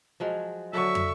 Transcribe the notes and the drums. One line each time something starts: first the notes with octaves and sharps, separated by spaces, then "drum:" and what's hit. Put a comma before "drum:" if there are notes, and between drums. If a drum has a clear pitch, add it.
F3 F#3 G#3
D3 F#3 A4 E5 C#6
drum: tom